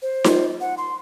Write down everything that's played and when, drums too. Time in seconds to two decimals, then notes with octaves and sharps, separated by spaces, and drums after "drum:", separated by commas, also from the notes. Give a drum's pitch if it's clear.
0.02 C5
0.24 F4, drum: snare D#4
0.60 F#5
0.77 C6